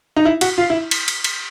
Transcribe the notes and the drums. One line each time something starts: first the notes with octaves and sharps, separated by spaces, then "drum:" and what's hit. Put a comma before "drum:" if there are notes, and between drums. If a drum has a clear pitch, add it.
D#4
E4
F#4, drum: cymbal
F4
E4
drum: cymbal
drum: cymbal
drum: cymbal